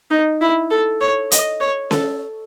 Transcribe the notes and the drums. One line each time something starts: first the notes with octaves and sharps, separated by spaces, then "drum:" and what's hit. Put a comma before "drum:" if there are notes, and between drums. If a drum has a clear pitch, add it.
D#4
E4
A4
C#5
D#5, drum: hi-hat
C#5
A4, drum: snare C#4